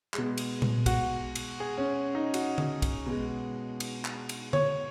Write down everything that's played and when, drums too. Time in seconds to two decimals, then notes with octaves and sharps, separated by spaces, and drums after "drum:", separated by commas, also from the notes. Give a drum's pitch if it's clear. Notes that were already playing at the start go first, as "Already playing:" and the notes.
0.14 B2 G#3, drum: clap
0.38 drum: cymbal
0.62 drum: tom A#2
0.86 F#4, drum: kick B1, cymbal
1.35 drum: cymbal
1.60 G#4
1.78 C#4
2.15 D#4
2.34 F#4, drum: cymbal
2.58 drum: tom D3
2.82 drum: kick B1, cymbal
3.06 B2 G#3
3.80 drum: cymbal
4.05 drum: clap
4.29 drum: cymbal
4.53 C#5, drum: tom D3